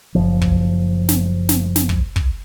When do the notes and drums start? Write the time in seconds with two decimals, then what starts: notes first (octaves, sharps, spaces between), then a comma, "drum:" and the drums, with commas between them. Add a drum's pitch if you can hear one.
0.15 F#1 C2 F3
0.42 drum: kick
1.09 drum: snare
1.49 drum: snare
1.76 drum: snare
1.89 drum: kick
2.16 drum: kick